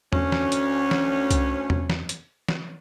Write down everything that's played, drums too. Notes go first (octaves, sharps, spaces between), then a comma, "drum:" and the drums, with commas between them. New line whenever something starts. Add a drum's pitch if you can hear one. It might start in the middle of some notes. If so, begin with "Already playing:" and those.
D2 C#4, drum: tom E2
drum: snare
drum: hi-hat
drum: snare
drum: kick C2, hi-hat
drum: tom E2
drum: snare
drum: hi-hat
drum: snare